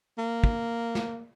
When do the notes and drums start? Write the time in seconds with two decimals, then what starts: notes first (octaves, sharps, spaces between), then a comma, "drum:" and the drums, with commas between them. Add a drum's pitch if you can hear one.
0.18 A#3
0.44 drum: kick
0.95 drum: snare